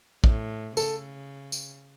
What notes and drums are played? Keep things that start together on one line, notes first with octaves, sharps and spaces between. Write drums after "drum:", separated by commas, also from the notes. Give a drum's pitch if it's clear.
A2, drum: kick
C#3 A4, drum: tambourine
drum: tambourine